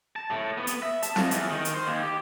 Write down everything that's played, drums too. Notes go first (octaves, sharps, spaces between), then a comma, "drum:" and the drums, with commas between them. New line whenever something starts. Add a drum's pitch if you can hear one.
A5
A2
B3
drum: hi-hat
E5
A5, drum: hi-hat
F2, drum: snare
E2, drum: hi-hat
D#3
drum: hi-hat
C5
D#2
G4